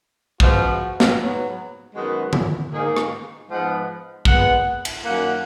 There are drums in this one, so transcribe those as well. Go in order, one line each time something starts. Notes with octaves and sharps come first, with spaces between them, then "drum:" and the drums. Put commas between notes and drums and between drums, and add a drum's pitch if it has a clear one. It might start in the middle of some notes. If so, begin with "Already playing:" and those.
C#3 F3 G#3 B3 F#4, drum: kick
drum: snare
G#2 F#3 B3
F#2 D#3 G#3 B3 F#4
drum: tom D3
G#2 D#3 A#3 G#4
drum: rim click
G#2 F3 G#3 B3 F#5
A#2 G#3 B3 F#5, drum: kick
drum: cymbal
F#2 D#3 A#3 F#5